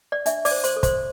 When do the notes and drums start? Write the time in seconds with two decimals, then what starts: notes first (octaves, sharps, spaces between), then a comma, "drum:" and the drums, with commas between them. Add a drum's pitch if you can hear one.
0.12 D5
0.26 D4 E5, drum: hi-hat
0.45 D5 D6, drum: open hi-hat
0.51 C5
0.64 C5 C6, drum: hi-hat
0.76 A4
0.83 C5 C6, drum: kick, hi-hat